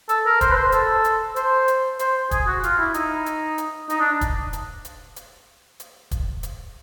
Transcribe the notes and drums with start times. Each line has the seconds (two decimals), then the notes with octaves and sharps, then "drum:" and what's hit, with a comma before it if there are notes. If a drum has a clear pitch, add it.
0.09 A4, drum: hi-hat
0.26 A#4
0.41 C5, drum: kick, hi-hat
0.51 B4
0.56 C5
0.72 A4, drum: hi-hat
1.04 drum: hi-hat
1.36 C5, drum: hi-hat
1.68 drum: hi-hat
1.99 C5, drum: hi-hat
2.31 G#4, drum: kick, hi-hat
2.47 F#4
2.63 F4, drum: hi-hat
2.79 E4
2.94 D#4, drum: hi-hat
3.26 drum: hi-hat
3.58 drum: hi-hat
3.90 D#4, drum: hi-hat
4.00 D4
4.21 drum: kick, hi-hat
4.53 drum: hi-hat
4.85 drum: hi-hat
5.16 drum: hi-hat
5.80 drum: hi-hat
6.11 drum: kick, hi-hat
6.43 drum: hi-hat